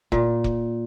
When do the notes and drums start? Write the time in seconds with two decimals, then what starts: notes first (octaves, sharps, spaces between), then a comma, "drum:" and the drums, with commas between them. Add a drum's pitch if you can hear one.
0.12 A#2, drum: kick
0.44 drum: kick